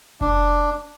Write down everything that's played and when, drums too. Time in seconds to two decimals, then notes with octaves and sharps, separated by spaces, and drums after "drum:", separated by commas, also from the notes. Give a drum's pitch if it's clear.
0.21 D4, drum: kick F1